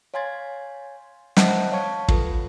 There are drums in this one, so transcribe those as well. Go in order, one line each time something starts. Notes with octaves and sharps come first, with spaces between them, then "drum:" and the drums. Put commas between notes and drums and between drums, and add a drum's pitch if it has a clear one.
C#5 F5 G#5 C6 G#6 A6
C5 D#5 E5 F#5 A5, drum: snare
C#5 F5 A5 C#6 G#6
F4 A4 B4, drum: kick